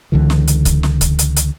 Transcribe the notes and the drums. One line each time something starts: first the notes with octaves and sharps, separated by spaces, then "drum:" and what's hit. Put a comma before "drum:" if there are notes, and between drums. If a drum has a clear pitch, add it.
C#2 D3 E3
drum: snare
drum: hi-hat
drum: kick C#1, hi-hat
drum: snare
drum: kick C#1, hi-hat
drum: hi-hat
drum: hi-hat